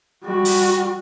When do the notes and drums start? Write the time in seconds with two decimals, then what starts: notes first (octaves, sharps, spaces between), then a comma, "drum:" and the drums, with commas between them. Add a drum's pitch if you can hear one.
0.23 G3 F#4
0.45 drum: open hi-hat